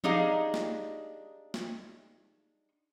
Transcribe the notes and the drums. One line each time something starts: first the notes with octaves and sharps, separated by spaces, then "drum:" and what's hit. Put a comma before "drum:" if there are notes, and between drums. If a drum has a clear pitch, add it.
D4 D#4 G4 G#4 D#5 F5, drum: tom F3
drum: snare
drum: snare